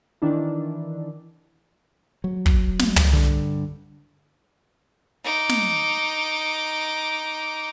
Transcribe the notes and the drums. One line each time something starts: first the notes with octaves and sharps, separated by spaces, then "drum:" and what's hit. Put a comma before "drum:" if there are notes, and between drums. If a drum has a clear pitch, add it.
D#3 E3 D4 E4
F#3
drum: kick
drum: snare
drum: tom
G2 D3
D#4 D6
drum: snare